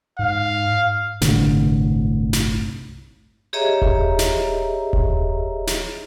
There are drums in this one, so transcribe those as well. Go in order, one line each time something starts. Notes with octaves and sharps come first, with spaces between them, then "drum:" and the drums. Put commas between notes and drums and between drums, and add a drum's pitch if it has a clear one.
G#2 F5
G1 C2 A2 D3, drum: snare
drum: snare
G4 G#4 C#5 D#5 E5 A#5
drum: kick D#1
drum: snare
drum: kick D#1
drum: snare